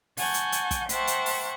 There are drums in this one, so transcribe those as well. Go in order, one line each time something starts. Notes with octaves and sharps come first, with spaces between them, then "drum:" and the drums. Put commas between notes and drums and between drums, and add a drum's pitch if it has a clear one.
F#5 G#5 A5 C#6 G6, drum: open hi-hat
drum: hi-hat
drum: hi-hat
drum: kick, hi-hat
C5 E5 F#5 G5 A5 C#6, drum: hi-hat
drum: hi-hat
drum: open hi-hat